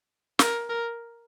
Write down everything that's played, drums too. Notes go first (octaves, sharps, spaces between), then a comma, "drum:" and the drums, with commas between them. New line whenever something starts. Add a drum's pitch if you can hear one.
A#4, drum: snare
A#4